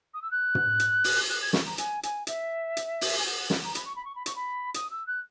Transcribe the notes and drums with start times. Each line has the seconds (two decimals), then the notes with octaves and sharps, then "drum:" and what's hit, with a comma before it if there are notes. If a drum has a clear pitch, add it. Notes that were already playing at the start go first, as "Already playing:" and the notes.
0.14 D#6
0.22 E6
0.31 F#6
0.55 drum: tom
0.80 drum: hi-hat
1.04 drum: open hi-hat
1.29 F#6
1.41 G#6
1.53 C#6, drum: snare
1.65 A#5
1.78 G#5, drum: hi-hat
2.03 G#5, drum: hi-hat
2.27 E5, drum: hi-hat
2.77 drum: hi-hat
3.01 drum: open hi-hat
3.18 G#5
3.25 F#5
3.39 F#5
3.50 F#5, drum: snare
3.63 A#5
3.75 B5, drum: hi-hat
3.85 C#6
3.96 B5
4.05 C#6
4.15 B5
4.26 C#6, drum: hi-hat
4.36 B5
4.74 D#6, drum: hi-hat
4.91 E6
5.07 F#6